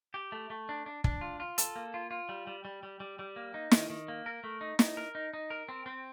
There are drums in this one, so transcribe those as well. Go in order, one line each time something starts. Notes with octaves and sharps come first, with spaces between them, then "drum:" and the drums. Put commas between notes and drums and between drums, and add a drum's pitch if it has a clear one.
G4
A3
A3
D4
D4
D4, drum: kick
F4
F4
A4, drum: hi-hat
A#3
F4
F4
G3
G3
G3
G3
G3
G3
A#3
D#4
D#3, drum: snare
D#3
A#3
A#4
A3
D#4
D#4, drum: snare
A#4
D#4
D#4
A#4
C4
C4